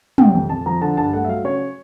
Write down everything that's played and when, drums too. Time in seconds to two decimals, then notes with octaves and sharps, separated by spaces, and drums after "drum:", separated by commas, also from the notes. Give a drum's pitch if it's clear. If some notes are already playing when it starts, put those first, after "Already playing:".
0.18 C3 G5, drum: tom
0.34 F2
0.49 F2 A5
0.66 F3 A#5
0.81 D3 A5
0.97 G2 A5
1.13 A3 F#5
1.25 E5
1.28 F#3 F5
1.44 C#3 C#5